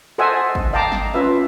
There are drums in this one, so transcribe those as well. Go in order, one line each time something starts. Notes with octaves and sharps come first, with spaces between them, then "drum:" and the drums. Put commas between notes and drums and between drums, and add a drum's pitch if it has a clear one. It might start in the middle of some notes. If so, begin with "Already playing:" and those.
A4 C5 D#5 E5 F#5 G#5
drum: kick
D#5 F5 G5 A5 A#5 D6
drum: snare
C#4 F4 B4 E5